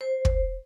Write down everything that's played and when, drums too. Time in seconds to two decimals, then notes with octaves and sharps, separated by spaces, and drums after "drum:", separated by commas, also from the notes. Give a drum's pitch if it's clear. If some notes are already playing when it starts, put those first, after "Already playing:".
0.01 C5
0.25 drum: kick